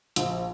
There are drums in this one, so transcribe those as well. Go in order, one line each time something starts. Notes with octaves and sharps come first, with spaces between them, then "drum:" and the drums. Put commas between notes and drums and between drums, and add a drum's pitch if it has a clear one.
A#1, drum: hi-hat